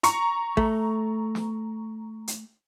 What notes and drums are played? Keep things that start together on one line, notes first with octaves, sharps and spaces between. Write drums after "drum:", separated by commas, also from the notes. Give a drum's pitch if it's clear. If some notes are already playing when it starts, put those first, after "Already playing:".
A#5 C#6 C#7, drum: hi-hat
A3, drum: kick A1
drum: snare
drum: hi-hat